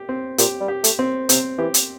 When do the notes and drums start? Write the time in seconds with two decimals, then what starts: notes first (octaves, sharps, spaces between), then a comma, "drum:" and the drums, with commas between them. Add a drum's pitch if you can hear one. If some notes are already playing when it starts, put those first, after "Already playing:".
Already playing: G4
0.09 C4
0.38 A#2 G4, drum: hi-hat
0.61 G3
0.68 G4
0.84 A3, drum: hi-hat
0.99 C4
1.29 C3 C4, drum: hi-hat
1.59 E3 G4
1.74 drum: hi-hat